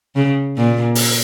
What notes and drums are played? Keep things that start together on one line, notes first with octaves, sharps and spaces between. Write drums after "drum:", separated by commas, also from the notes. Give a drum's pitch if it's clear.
C#3
A#2
drum: open hi-hat